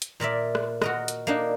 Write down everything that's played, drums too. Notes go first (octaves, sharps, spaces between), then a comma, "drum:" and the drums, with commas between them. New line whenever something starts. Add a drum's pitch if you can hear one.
drum: hi-hat
A#2 A#4 D5 E5
drum: rim click
F#4 A#4 D#5, drum: rim click
drum: hi-hat
A#3 D4 D#4